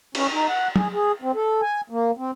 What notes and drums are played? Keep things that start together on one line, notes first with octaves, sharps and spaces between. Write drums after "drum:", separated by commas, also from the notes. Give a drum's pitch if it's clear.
C#4, drum: cymbal
D#4
F#5
G#4, drum: tom
G#4
C4
A4
G#5
A#3
C4